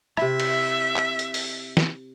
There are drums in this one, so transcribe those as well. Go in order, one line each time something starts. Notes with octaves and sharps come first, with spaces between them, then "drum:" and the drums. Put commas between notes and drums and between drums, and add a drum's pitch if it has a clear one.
C3 E4 E5, drum: rim click
drum: cymbal
drum: clap
drum: hi-hat
drum: open hi-hat
drum: snare